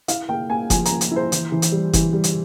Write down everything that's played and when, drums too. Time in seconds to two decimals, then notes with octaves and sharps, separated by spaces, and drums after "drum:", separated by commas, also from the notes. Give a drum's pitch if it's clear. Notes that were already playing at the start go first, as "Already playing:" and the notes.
0.08 E4 F5, drum: hi-hat
0.29 A#3 G5
0.49 A#3 G#5
0.70 F3 G#5, drum: kick F#1, hi-hat
0.85 A#5, drum: hi-hat
0.91 A#3
1.01 drum: hi-hat
1.11 E4 C5
1.32 E3, drum: hi-hat
1.52 E3
1.62 drum: hi-hat
1.72 G3
1.93 E3, drum: kick F#1, hi-hat
2.13 G3
2.24 drum: hi-hat